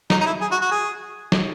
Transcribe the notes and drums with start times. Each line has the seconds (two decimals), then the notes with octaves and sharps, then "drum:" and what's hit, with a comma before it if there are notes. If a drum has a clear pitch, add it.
0.10 D#4, drum: snare
0.20 D#4
0.26 E4
0.41 G#4
0.51 F#4
0.61 F#4
0.71 G#4
1.32 drum: snare